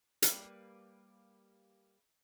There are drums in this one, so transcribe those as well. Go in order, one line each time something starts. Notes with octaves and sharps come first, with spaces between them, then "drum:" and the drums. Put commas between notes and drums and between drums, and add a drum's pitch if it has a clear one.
G3 A#3 B4, drum: hi-hat